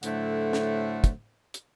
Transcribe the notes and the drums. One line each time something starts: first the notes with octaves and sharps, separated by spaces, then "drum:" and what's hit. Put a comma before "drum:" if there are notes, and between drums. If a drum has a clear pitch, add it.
A2 D3 F#3 A3 C5 F#5, drum: hi-hat
drum: snare
drum: kick, hi-hat
drum: hi-hat